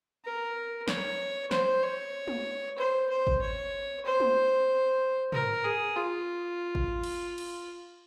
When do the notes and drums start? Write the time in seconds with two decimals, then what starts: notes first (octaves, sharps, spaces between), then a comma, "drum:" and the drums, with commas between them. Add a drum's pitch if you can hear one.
0.24 A#4
0.88 C#5, drum: snare
1.51 C5, drum: snare
1.83 C#5
2.27 drum: tom
2.78 C5
3.09 C5
3.27 drum: kick G#1
3.42 C#5
4.05 C5
4.20 drum: tom
5.32 A#4, drum: tom
5.64 G#4
5.96 F4
6.75 drum: kick G#1
7.04 drum: cymbal
7.38 drum: cymbal